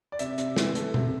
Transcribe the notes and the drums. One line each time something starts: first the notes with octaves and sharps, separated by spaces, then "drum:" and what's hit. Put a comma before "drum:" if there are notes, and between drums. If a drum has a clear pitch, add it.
D5
C3 E5, drum: hi-hat
C3, drum: hi-hat
E3, drum: snare
A3, drum: hi-hat
C3, drum: tom B2